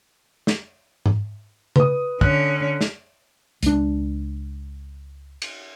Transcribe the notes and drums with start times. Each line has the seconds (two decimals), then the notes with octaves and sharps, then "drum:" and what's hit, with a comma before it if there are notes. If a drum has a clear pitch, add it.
0.47 drum: snare
1.06 drum: tom G#2
1.76 B4 D#6, drum: tom C#3
2.21 D3 C#4 F#6, drum: kick
2.81 drum: snare
3.63 C#2 D4, drum: hi-hat
5.42 drum: cymbal